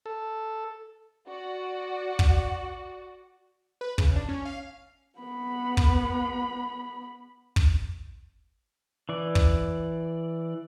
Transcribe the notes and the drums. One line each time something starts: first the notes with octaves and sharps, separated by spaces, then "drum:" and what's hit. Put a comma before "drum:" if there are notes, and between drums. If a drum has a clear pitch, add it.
A4
F#4 D5
drum: kick
B4
C#3, drum: kick
D4
C#4
F5
B3 B5
drum: kick
drum: kick
E3 D5
drum: kick